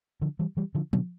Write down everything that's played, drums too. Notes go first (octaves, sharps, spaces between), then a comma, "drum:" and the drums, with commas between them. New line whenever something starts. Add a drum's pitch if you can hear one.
D3 F3
E3 G3
E3 G3
D3 F3
B2 D3, drum: tom F3